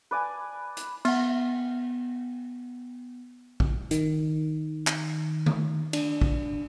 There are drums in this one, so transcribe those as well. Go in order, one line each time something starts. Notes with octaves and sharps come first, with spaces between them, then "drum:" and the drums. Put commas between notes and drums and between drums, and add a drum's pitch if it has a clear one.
B4 D5 G#5 A5
drum: hi-hat
B3 F#5, drum: cymbal
drum: kick
D#3, drum: hi-hat
drum: clap
drum: tom D3
D4, drum: cymbal
drum: kick